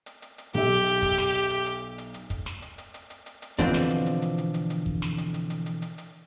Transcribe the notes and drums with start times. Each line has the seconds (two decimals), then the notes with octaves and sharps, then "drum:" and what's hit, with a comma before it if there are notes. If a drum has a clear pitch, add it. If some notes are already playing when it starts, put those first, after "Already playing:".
0.06 drum: hi-hat
0.22 drum: hi-hat
0.38 drum: hi-hat
0.54 B1 G4 E5, drum: hi-hat
0.86 drum: hi-hat
1.02 drum: kick, hi-hat
1.18 drum: snare
1.34 drum: hi-hat
1.50 drum: hi-hat
1.66 drum: hi-hat
1.98 drum: hi-hat
2.14 drum: hi-hat
2.30 drum: kick, hi-hat
2.46 drum: snare
2.62 drum: hi-hat
2.78 drum: hi-hat
2.94 drum: hi-hat
3.10 drum: hi-hat
3.26 drum: hi-hat
3.42 drum: hi-hat
3.59 B2 D3 E3 F3 C4 D4, drum: kick
3.74 drum: snare
3.90 drum: hi-hat
4.06 drum: hi-hat
4.22 drum: hi-hat
4.38 drum: hi-hat
4.54 drum: hi-hat
4.70 drum: hi-hat
4.86 drum: kick
5.02 drum: snare
5.18 drum: hi-hat
5.34 drum: hi-hat
5.50 drum: hi-hat
5.66 drum: hi-hat
5.82 drum: hi-hat
5.98 drum: hi-hat